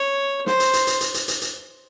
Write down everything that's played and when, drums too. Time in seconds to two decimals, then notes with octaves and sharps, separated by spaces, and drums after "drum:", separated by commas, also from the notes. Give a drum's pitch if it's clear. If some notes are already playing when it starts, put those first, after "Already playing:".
Already playing: C#5
0.46 C5, drum: snare
0.60 drum: hi-hat
0.73 drum: hi-hat
0.87 drum: hi-hat
1.01 drum: hi-hat
1.14 drum: hi-hat
1.28 drum: hi-hat
1.42 drum: hi-hat